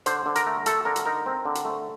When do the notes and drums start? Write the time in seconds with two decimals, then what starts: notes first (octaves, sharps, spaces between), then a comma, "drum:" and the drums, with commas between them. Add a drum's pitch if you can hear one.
0.06 D3 C5, drum: hi-hat
0.26 D3
0.35 A#4, drum: hi-hat
0.47 A3
0.66 A3 A4, drum: hi-hat
0.85 D3 A#4
0.96 drum: hi-hat
1.06 D#4 A#4
1.26 C4
1.45 D3
1.55 drum: hi-hat
1.65 A3